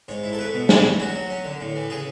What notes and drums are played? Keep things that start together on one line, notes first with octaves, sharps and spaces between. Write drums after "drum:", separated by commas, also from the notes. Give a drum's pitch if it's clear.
G#2 C#5
E4
A4
A3 B4
B2
E3 G#4, drum: snare
E2
F#3 F#4
F#3
C#4
D3
A2
E3
C#3 G#4